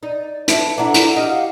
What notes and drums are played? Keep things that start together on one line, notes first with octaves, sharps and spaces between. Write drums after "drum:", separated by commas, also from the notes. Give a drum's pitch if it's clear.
D#4 D5
B4 E5 A5, drum: hi-hat
D4 E4 A4 F#5 A#5
drum: hi-hat
G4 D#5 F#5 F6
G4 F5 F#5